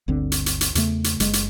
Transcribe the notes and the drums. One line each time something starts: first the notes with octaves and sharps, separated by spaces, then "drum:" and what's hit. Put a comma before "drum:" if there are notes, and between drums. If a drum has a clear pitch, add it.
G1 D2 D3 C4
drum: hi-hat
drum: hi-hat
drum: hi-hat
E2 C#3 A3, drum: hi-hat
drum: hi-hat
F#1 G#3, drum: hi-hat
drum: hi-hat